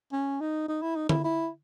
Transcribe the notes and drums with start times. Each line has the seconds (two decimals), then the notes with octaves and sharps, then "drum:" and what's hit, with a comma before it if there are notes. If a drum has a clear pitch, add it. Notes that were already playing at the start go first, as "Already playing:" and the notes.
0.13 C#4
0.41 D#4
0.69 D#4
0.82 E4
0.96 D#4
1.09 E4, drum: tom D3
1.24 E4